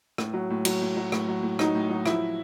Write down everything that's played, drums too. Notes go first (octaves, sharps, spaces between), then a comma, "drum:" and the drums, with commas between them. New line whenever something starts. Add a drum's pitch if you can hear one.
A2, drum: rim click
F#3
A2
F#3, drum: cymbal
A2
F#3
A2, drum: rim click
F#3
A2
F#3 D#4, drum: rim click
A2
F#3
F3 E4, drum: rim click